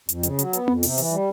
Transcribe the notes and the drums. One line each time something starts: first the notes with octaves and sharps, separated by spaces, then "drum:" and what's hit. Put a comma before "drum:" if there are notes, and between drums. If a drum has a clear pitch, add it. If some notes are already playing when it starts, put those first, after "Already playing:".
F2, drum: hi-hat
C#3, drum: hi-hat
F#3, drum: hi-hat
B3, drum: hi-hat
F2, drum: tom B3
C3, drum: open hi-hat
E3, drum: hi-hat
G3